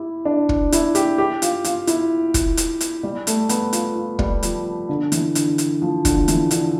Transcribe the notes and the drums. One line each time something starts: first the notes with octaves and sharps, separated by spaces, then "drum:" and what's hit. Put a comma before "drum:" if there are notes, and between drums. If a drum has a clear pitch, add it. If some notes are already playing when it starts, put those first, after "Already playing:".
Already playing: E4 G4
D4
drum: kick
E4, drum: hi-hat
G4, drum: hi-hat
G4
F4, drum: hi-hat
F4, drum: hi-hat
E4, drum: hi-hat
drum: kick, hi-hat
drum: hi-hat
drum: hi-hat
G3
A3, drum: hi-hat
B3, drum: hi-hat
F4, drum: hi-hat
F4
G3, drum: kick
F3, drum: hi-hat
D3
E3, drum: hi-hat
D3, drum: hi-hat
drum: hi-hat
F3
D3, drum: kick, hi-hat
E3, drum: hi-hat
D3, drum: hi-hat